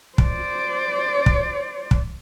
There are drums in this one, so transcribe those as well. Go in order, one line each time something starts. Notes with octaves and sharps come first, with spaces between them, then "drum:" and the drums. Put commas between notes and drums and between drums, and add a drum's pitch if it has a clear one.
C5 D5, drum: kick
drum: kick
drum: kick